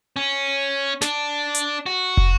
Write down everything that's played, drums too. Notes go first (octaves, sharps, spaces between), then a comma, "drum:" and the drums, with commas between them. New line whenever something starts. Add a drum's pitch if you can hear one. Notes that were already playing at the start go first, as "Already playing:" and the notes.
C#4
D4, drum: snare
drum: hi-hat
F#4
drum: kick